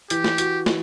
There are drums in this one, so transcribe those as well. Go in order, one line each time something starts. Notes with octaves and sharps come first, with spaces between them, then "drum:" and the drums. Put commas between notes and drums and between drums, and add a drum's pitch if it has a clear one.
E3 G4, drum: hi-hat
drum: snare
F#4, drum: hi-hat
E3, drum: snare